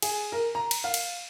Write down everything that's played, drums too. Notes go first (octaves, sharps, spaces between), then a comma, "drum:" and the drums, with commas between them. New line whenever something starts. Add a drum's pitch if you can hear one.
G#4, drum: cymbal
A#4
A#5
drum: cymbal
F5
drum: cymbal